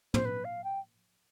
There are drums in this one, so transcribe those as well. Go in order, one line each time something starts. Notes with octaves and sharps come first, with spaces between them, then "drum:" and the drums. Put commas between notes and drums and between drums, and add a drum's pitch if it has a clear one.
C5, drum: tom
B4
F5
G5